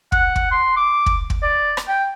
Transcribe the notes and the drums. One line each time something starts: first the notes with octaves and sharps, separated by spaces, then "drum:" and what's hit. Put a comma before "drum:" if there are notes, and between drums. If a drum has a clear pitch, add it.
F#5, drum: kick
drum: kick
C6
D6
drum: kick
drum: kick
D5
drum: rim click
G5